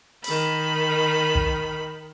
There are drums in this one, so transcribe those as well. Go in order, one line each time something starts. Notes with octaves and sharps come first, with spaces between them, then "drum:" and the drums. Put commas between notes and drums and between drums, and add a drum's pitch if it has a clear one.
D#3 B5, drum: open hi-hat
drum: kick